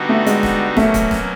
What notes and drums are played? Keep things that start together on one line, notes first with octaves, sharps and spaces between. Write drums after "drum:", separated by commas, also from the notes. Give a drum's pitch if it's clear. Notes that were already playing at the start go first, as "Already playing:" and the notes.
Already playing: D3 G3 B3 D#4 F#4
A3
G#3, drum: hi-hat
drum: snare
B2 F#3 A3 A#3 C#4, drum: snare
drum: kick, hi-hat
drum: snare